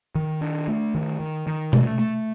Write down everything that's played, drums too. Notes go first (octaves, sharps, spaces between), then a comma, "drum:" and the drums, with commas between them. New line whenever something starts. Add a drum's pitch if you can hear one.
D#3
D4
A3
D#3
D#3
D#3
A3, drum: tom B2
A3